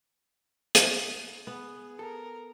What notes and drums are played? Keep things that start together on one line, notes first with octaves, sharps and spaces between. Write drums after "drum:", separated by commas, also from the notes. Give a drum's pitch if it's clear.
drum: hi-hat
B3 G#4
A4 A#4